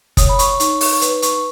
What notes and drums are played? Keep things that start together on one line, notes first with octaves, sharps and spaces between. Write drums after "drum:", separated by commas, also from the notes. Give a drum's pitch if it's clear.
C#5 D#6, drum: kick, hi-hat
B5
C#6, drum: hi-hat
D#4 C#6, drum: hi-hat
C#6, drum: open hi-hat
B4, drum: hi-hat
C#6, drum: hi-hat